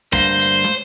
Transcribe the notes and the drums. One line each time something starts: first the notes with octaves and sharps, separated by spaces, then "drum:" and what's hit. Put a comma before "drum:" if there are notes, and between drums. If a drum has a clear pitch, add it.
D2 G2 A#3 C5, drum: kick, hi-hat
drum: hi-hat
drum: snare